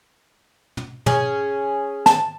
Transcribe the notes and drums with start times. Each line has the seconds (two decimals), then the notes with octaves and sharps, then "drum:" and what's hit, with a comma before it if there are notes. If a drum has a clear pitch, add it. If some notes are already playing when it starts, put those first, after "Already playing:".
0.77 drum: tom
1.06 C#4 G#4, drum: tom
2.06 A5, drum: snare